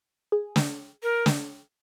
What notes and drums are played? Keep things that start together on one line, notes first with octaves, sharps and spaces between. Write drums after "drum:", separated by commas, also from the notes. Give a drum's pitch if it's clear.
G#4
drum: snare
A#4
drum: snare